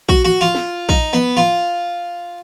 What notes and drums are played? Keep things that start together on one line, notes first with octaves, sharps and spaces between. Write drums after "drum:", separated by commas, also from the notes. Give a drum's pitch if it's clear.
F#4, drum: kick
F#4
F4
drum: snare
D#4, drum: kick
B3
F4